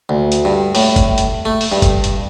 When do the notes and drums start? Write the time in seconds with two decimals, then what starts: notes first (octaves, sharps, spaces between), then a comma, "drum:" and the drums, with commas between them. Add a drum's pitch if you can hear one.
0.09 D2
0.32 drum: hi-hat
0.45 G2
0.75 A2, drum: open hi-hat
0.96 drum: kick F#1, hi-hat
1.18 drum: hi-hat
1.45 A3
1.61 drum: open hi-hat
1.72 G2
1.82 drum: kick F#1, hi-hat
2.04 drum: hi-hat